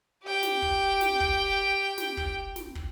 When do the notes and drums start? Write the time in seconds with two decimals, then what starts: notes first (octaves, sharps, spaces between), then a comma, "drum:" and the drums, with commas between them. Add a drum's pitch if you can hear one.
0.23 G4 G5
0.43 drum: snare
0.62 drum: kick
1.01 drum: snare
1.20 drum: kick
1.98 drum: snare
2.17 drum: kick
2.56 drum: snare
2.75 drum: kick